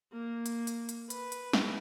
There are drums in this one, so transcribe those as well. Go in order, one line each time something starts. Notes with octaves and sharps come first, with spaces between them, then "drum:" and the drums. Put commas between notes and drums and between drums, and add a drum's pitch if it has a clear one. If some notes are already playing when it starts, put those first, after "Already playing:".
A#3
drum: hi-hat
drum: hi-hat
drum: hi-hat
B4, drum: hi-hat
drum: hi-hat
drum: snare